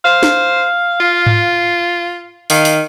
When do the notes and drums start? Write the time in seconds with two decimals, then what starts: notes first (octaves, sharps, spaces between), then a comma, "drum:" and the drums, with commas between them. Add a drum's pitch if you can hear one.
0.05 C5 F5
0.23 drum: snare
1.00 F4
1.26 drum: tom G#2
2.50 D#3 F5, drum: open hi-hat
2.65 drum: open hi-hat